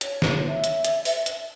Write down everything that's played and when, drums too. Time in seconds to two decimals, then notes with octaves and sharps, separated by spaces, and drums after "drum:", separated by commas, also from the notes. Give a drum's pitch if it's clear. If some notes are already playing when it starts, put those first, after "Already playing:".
0.01 C#5, drum: hi-hat
0.22 drum: snare
0.47 E5
0.64 drum: hi-hat
0.85 drum: hi-hat
1.05 drum: open hi-hat
1.26 drum: hi-hat